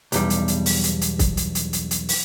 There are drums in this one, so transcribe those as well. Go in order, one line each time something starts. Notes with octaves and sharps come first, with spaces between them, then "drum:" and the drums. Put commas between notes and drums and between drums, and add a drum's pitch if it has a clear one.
B1 E2 G3, drum: hi-hat
drum: hi-hat
drum: hi-hat
drum: open hi-hat
drum: hi-hat
drum: hi-hat
drum: kick, hi-hat
drum: hi-hat
drum: hi-hat
drum: hi-hat
drum: hi-hat
drum: open hi-hat